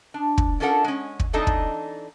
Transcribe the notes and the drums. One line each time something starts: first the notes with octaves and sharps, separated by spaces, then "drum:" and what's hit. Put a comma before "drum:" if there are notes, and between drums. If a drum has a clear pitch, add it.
D4
drum: kick
C#4 D4 F4 A4 A#4 F#5
G#3 C#4
drum: kick
E3 C4 D4 D#4 A4 D#5
drum: kick